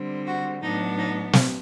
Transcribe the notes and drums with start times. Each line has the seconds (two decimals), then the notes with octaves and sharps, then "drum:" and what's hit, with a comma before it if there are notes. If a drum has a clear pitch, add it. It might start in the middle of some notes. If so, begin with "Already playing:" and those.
Already playing: D3 G3 C4
0.27 F#4
0.62 A2 F#3 B3 D4 D#4
0.98 D#4
1.33 drum: snare